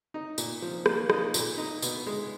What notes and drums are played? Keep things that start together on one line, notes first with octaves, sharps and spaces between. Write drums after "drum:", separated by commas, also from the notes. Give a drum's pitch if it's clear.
D#4
A#2, drum: tambourine
F3
A#3, drum: rim click
D#4, drum: rim click
A#2, drum: tambourine
D#4
B2, drum: tambourine
G#3